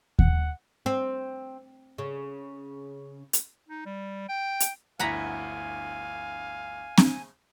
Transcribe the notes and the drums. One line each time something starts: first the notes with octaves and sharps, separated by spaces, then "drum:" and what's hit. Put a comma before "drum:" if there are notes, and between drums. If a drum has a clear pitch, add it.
F#5, drum: kick D#2
C4
C#3
drum: hi-hat
D#4
G3
G5
drum: hi-hat
G1 D2 E4 F5 F#5 G#5 A#5 B5
drum: snare C4